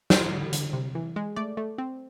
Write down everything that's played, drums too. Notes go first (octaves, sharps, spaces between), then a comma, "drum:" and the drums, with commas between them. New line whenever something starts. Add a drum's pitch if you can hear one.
F3 C5, drum: snare
D3
D3, drum: hi-hat
C3
E3
G#3
A3 D5
A3
C4